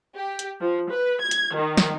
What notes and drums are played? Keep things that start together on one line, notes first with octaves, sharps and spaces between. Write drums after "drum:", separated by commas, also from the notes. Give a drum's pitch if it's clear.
G4
drum: hi-hat
F3
B4
G#6
drum: hi-hat
D#3
drum: snare